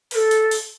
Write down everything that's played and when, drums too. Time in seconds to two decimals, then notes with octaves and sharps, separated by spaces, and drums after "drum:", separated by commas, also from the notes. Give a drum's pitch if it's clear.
0.11 B4, drum: open hi-hat
0.15 A4
0.31 drum: hi-hat
0.51 drum: open hi-hat